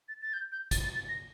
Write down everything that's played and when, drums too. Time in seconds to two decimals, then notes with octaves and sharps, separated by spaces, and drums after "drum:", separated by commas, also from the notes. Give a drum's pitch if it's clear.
0.09 A6
0.22 A6
0.33 G6
0.52 G6
0.71 A6, drum: kick, hi-hat
0.84 A6
0.96 A6
1.08 A#6